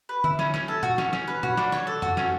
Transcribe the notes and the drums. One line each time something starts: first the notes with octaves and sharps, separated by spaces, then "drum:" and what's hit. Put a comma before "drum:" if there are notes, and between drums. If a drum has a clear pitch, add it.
B4
E4, drum: tom D3
C#4, drum: snare
C#4, drum: snare
A4
F#4, drum: tom A#2
C#4, drum: snare
C#4, drum: snare
B4
F#4, drum: tom A#2
D4, drum: snare
C#5, drum: snare
A4
F#4, drum: tom F2
C#4, drum: snare